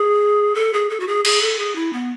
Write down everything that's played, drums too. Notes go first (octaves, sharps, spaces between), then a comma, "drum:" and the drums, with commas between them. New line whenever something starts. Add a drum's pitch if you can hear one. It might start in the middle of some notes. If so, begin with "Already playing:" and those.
Already playing: G#4
A4
G#4
A4
F#4
G#4
G#4, drum: cymbal
A4
G#4
E4
B3